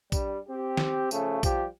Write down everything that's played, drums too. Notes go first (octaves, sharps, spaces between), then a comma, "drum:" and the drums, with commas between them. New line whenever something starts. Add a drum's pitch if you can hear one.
G2 G3, drum: kick A#1, tambourine
C4 G4
drum: snare
C#3 F3 A3, drum: tambourine
F3 G3 G4, drum: kick A#1, tambourine